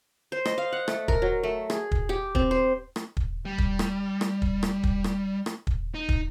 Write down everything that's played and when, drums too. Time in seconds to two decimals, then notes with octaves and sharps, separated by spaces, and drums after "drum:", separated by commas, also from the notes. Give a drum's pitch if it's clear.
0.32 C5
0.45 D#5, drum: rim click
0.58 F5
0.73 F#5
0.88 A3, drum: rim click
1.08 A#4, drum: kick
1.22 F#3
1.43 A3
1.70 G#4, drum: rim click
1.91 drum: kick
2.09 G4
2.35 C4, drum: kick
2.51 C5
2.96 drum: rim click
3.17 drum: kick
3.45 G3
3.58 drum: kick
3.79 drum: rim click
4.21 drum: rim click
4.42 drum: kick
4.63 drum: rim click
4.83 drum: kick
5.04 drum: rim click
5.46 drum: rim click
5.67 drum: kick
5.94 D#4
6.09 drum: kick